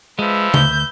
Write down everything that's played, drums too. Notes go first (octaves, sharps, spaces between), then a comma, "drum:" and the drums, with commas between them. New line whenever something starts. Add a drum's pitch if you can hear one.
F3 G#3 B4 E5
D2 G6, drum: tom C#3